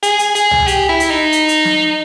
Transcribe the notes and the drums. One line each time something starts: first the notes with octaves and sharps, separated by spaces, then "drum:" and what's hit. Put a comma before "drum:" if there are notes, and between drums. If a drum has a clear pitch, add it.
G#4, drum: hi-hat
drum: hi-hat
G#4, drum: hi-hat
drum: tom
G4, drum: hi-hat
E4
drum: hi-hat
D#4
drum: hi-hat
drum: hi-hat
drum: snare